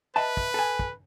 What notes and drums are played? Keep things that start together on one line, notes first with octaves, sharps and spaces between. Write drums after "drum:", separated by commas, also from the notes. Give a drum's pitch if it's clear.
B4 D#5 E5 A5
drum: kick
A4 G#5
drum: kick